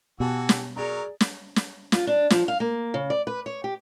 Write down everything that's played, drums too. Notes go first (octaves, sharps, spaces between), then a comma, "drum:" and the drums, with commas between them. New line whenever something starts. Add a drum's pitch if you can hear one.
B2 E3 F#4 G4 G#5 A5 E6
drum: snare
F#3 G#4 A#4 D5 A#5
drum: snare
drum: snare
F4, drum: snare
D4
F3, drum: snare
F5
A#3
C#3
D5
B4
C#5
G4